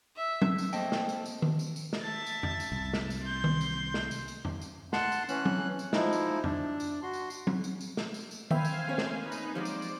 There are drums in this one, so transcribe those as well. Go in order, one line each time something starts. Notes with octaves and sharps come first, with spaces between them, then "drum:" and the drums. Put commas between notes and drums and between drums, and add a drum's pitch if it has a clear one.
E5
drum: tom F#3
drum: tambourine
A3 A#3 C4 A4 D#5 G5, drum: tambourine
drum: snare
drum: tambourine
drum: tambourine
drum: tom D#3
drum: tambourine
drum: tambourine
drum: snare
E5 A5
drum: tambourine
drum: tom F2
drum: tambourine
C2
drum: snare
drum: tambourine
C6 G6
drum: tom D#3
drum: tambourine
drum: snare
drum: tambourine
drum: tambourine
drum: tom F2
drum: tambourine
F#5 A5 C6, drum: snare
drum: tambourine
E3 C#4 F#6, drum: tambourine
drum: tom F#3
drum: tambourine
F3 G#3 D#4 E4, drum: snare
drum: tambourine
D4, drum: tom F2
drum: tambourine
F#4 C6
drum: tambourine
drum: tambourine
drum: tom F#3
drum: tambourine
drum: tambourine
drum: snare
drum: tambourine
drum: tambourine
C5 E5 F5 G5 G#5 B5, drum: tom D#3
drum: tambourine
A#3 C4 C#4
drum: snare
D#4 B4
drum: tambourine
F3 F#3 G#3 C5 D5
drum: tambourine
drum: tambourine